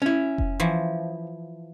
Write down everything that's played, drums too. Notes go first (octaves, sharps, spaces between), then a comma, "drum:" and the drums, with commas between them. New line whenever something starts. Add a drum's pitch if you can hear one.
C#4 E4
drum: kick F1
E3 F3